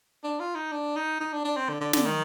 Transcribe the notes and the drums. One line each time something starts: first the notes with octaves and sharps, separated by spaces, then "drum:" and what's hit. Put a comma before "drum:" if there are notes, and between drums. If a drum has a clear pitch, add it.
D4
F4
D#4
D4
D#4
D#4
D4
D4
C4
D3
D3
D3, drum: snare
D#3